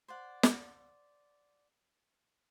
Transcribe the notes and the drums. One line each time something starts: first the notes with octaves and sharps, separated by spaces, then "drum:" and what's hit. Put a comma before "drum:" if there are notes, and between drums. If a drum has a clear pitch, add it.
C5 D5 F#5
drum: snare